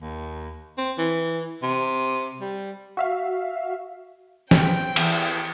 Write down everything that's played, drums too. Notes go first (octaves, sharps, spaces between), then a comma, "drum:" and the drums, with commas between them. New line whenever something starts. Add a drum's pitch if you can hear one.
D#2
C4
E3
C3
G3
F#4 E5 F5
C4 G5, drum: snare
E2, drum: cymbal